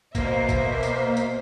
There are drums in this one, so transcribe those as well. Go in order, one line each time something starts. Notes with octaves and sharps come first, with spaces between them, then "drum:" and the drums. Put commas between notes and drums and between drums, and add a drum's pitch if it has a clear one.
B2 A#3 C5 E5, drum: kick A1, tambourine
drum: kick A1, tambourine
drum: tambourine
drum: tambourine